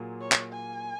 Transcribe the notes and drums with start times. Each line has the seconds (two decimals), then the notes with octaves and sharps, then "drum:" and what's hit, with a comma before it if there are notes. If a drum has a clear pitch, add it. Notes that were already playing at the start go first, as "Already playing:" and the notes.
Already playing: A#2 F#3 A#3 F4 G#4
0.21 C#5
0.32 drum: clap
0.52 G#5